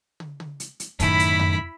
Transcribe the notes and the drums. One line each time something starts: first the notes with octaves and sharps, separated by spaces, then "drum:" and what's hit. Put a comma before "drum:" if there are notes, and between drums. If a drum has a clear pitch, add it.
drum: tom
drum: tom
drum: hi-hat
drum: hi-hat
F#2 A2 D#3 E4 B5, drum: kick, hi-hat
drum: hi-hat
drum: tom F2